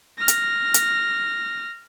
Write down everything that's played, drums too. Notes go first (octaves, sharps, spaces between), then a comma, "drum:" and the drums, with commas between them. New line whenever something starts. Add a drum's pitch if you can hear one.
F6 A#6
drum: hi-hat
drum: hi-hat